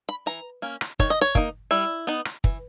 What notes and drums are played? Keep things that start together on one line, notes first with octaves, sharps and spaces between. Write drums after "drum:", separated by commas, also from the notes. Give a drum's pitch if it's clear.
B5
E3 A#5
A#3 C#4
drum: rim click
D#3 C#5, drum: kick
D#5
C#5
A#3 D#4, drum: kick
G3 E4
B3 D#4
drum: rim click
E3, drum: kick